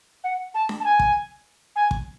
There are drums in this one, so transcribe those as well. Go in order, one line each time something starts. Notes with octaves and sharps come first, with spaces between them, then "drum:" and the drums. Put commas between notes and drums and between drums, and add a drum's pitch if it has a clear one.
F#5
A5
drum: snare D4
A5
G#5
drum: kick
G#5
drum: kick